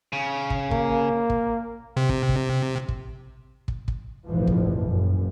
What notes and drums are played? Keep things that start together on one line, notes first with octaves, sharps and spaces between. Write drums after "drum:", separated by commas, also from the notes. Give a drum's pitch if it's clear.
C#3
drum: kick
A#3, drum: kick
drum: kick
C3
drum: kick
drum: kick
drum: kick
drum: kick
drum: kick
F1 A#1 F2 G#2 E3 F3
drum: kick
F#1 F#2